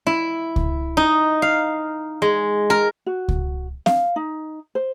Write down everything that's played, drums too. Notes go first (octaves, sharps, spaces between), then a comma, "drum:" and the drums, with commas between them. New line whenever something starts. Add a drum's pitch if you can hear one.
E4
drum: kick C#2
D#4
F5
G#3
A#4
F#4
drum: kick C#2
F5, drum: snare C4
D#4
C5